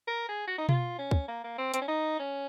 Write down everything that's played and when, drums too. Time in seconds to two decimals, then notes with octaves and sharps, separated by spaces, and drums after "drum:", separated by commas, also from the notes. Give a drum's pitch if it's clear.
0.08 A#4
0.29 G#4
0.47 F#4
0.58 D#4
0.69 F4, drum: tom B2
0.98 C#4
1.11 drum: kick
1.28 A#3
1.44 A#3
1.58 C4
1.74 C4, drum: hi-hat
1.81 C#4
1.88 D#4
2.19 C#4